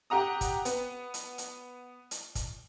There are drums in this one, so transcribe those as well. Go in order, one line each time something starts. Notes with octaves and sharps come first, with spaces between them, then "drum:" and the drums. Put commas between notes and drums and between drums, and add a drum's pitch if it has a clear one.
G4 F#5 A#5 D#6
drum: kick, hi-hat
B3, drum: hi-hat
drum: hi-hat
drum: hi-hat
drum: hi-hat
drum: kick, hi-hat